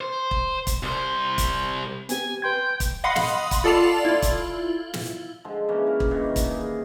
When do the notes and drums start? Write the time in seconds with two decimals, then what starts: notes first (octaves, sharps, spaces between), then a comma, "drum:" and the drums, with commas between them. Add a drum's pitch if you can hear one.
0.01 C5
0.31 drum: kick
0.67 drum: kick, hi-hat
0.83 C2 C5
1.38 drum: kick, hi-hat
2.09 B3 C4 G4 G#5, drum: hi-hat
2.42 B4 G5 C6 G#6
2.80 drum: kick, hi-hat
3.04 D#5 F5 F#5 B5 C6 D#6
3.16 drum: snare
3.51 drum: kick, hi-hat
3.64 F4 A4 D5 A5 C7 F7
4.05 E4 F4
4.22 drum: kick, hi-hat
4.94 drum: snare
5.44 D3 F3 G#3
5.68 C#3 E3 A#3 C#4
5.86 E3 A#4
6.00 drum: kick
6.11 G2 A#2 D#3 E3
6.36 drum: kick, hi-hat
6.50 G#4